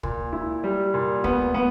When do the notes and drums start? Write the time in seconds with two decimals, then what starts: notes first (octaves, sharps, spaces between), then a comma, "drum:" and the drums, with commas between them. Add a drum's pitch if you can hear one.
0.03 A#2, drum: kick
0.33 E4
0.64 G3
0.94 A#2
1.24 B3, drum: kick
1.54 B3